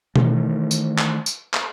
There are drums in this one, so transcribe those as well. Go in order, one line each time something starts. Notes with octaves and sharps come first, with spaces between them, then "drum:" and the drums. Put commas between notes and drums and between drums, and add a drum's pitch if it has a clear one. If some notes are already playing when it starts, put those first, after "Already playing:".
D#3 E3 A3, drum: tom B2
drum: tambourine
drum: clap
drum: tambourine
drum: clap